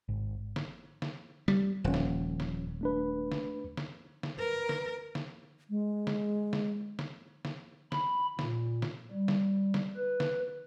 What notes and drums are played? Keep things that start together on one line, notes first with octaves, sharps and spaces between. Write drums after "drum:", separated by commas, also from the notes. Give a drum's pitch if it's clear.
G#1
drum: snare
drum: snare
G3, drum: snare
D#1 F3 C#4
drum: snare
drum: snare
A3 D4 B4
drum: snare
drum: snare
drum: snare
A#4 B4
drum: snare
drum: snare
G#3
drum: snare
drum: snare
drum: snare
drum: snare
B5, drum: snare
A#2, drum: snare
drum: snare
G3
drum: snare
drum: snare
B4
drum: snare